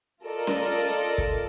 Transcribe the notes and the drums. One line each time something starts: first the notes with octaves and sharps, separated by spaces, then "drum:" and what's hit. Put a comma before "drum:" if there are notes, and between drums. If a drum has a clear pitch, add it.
F4 A4 A#4 D5 D#5
drum: snare C#4
drum: kick